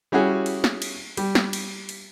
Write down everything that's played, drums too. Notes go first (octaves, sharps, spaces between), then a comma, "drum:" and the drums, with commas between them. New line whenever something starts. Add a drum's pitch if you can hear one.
G3 C#4 E4 F#4 G#4
drum: cymbal
drum: snare
drum: cymbal
G3, drum: cymbal
drum: snare
drum: cymbal
drum: cymbal